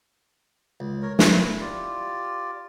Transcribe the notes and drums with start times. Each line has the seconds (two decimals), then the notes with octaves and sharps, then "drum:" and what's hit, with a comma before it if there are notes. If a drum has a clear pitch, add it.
0.80 C#2
1.02 A#4 C#5
1.19 E4 A#4, drum: snare
1.60 F4 G4 D5